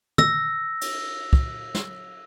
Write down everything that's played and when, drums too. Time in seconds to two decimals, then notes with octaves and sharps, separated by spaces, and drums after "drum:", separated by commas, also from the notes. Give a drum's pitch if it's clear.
0.18 E6 A#6, drum: tom
0.81 drum: cymbal
1.33 drum: kick
1.75 drum: snare